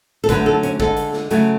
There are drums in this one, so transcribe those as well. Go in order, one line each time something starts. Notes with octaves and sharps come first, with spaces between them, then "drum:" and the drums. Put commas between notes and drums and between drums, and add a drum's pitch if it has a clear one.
A4
D3 F#3 A3 B4, drum: kick, hi-hat
A4
C#4, drum: hi-hat
D3 G#3 A4, drum: kick
drum: hi-hat
drum: snare
C#3 F#3 A3, drum: hi-hat